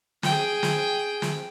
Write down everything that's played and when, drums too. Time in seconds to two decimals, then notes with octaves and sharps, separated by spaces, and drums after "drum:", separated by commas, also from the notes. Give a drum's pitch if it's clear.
0.23 G#4 G5, drum: snare
0.63 drum: snare
1.22 drum: snare